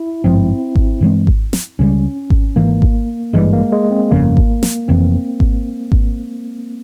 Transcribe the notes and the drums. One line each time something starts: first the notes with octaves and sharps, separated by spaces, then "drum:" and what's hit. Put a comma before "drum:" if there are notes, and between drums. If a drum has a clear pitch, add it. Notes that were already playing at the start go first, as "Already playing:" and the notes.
Already playing: E4
G#1 G2 F3 C4
drum: kick G#1
G2 E3 G#3 C4
drum: kick G#1
drum: snare
C#2 C#3 E3 G3 C#4
drum: kick G#1
G#1 G#2 E3 A#3
drum: kick G#1
G#1 G2 E3 G3 G#3
A#3
G#3
C4
G1 F2 C#3 A#3
drum: kick G#1
drum: snare
F1 F2 E3 C4
drum: kick G#1
drum: kick G#1